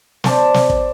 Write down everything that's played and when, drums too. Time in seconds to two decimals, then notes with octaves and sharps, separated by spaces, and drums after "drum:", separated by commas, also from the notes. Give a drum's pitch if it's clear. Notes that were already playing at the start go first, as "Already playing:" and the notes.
0.24 C5 D5 A5 D6, drum: snare
0.54 drum: snare
0.70 drum: kick